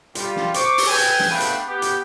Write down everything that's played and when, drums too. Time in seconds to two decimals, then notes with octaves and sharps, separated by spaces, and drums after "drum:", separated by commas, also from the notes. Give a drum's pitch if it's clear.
0.15 G3 F4, drum: hi-hat
0.36 drum: snare
0.54 C5 C#6 D6, drum: hi-hat
0.78 drum: open hi-hat
0.87 B4 G5 G#5
0.99 drum: hi-hat
1.19 drum: snare
1.29 A3 B3 D4 B4 F5 G5
1.40 drum: hi-hat
1.67 B3 G4
1.82 drum: hi-hat